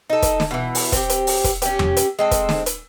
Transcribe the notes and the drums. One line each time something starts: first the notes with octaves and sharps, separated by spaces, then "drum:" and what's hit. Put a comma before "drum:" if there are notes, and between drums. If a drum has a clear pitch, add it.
D#4 A4
drum: kick, hi-hat
drum: snare
B2 E3
drum: open hi-hat
C4 G4, drum: kick, hi-hat
drum: hi-hat
drum: open hi-hat
drum: kick, hi-hat
C#4 G4, drum: hi-hat
drum: tom E2
drum: hi-hat
G#3 C4 A4
drum: kick, hi-hat
drum: snare
drum: hi-hat